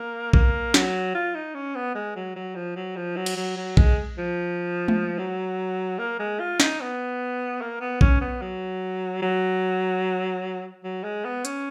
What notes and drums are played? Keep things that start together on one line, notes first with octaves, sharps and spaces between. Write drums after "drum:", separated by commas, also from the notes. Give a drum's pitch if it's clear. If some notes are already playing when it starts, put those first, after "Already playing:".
Already playing: A#3
A#3, drum: kick A#1
F#3, drum: snare
F4
D#4
C#4
B3
G#3
F#3
F#3
F3
F#3
F3
F#3
drum: cymbal
F#3
F#3
G#3, drum: kick A#1
F3
drum: tom G#3
F#3
A#3
G#3
F4
D#4, drum: snare
B3
A#3
B3
C#4, drum: kick A#1
B3
F#3
F#3
F#3
G#3
B3
C#4, drum: hi-hat